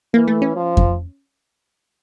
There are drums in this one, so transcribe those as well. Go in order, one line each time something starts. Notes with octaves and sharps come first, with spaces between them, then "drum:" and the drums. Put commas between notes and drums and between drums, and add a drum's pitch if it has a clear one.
E3 A#3
A3
C#4
F3
drum: kick F2